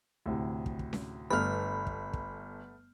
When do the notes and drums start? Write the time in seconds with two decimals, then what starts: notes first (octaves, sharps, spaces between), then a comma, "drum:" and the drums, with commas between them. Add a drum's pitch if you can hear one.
0.26 D2 A2 C3
0.66 drum: kick
0.79 drum: kick
0.93 drum: snare C#4
1.30 G1 A3 B3 B4 B5 F6
1.87 drum: kick
2.13 drum: kick